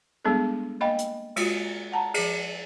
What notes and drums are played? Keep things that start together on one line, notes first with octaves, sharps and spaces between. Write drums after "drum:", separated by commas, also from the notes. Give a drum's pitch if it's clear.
G3 G#3 B3 D4 G#4 A4
A#3 D#5 F5 G5 B5
drum: hi-hat
G#3 F4 F#4, drum: cymbal
F#5 A5 A#5
F3 G#4, drum: cymbal